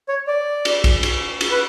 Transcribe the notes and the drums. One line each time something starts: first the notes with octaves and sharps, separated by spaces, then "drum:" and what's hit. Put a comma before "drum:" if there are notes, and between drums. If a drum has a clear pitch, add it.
C#5
D5
drum: cymbal
drum: kick, cymbal
drum: cymbal
drum: cymbal
B4